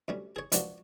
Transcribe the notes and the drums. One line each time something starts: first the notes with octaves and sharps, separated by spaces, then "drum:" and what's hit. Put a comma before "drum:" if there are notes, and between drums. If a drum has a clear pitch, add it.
D2 G3 C#4
G#4 C#5
C#2 F3 D4 F#4 F#5, drum: hi-hat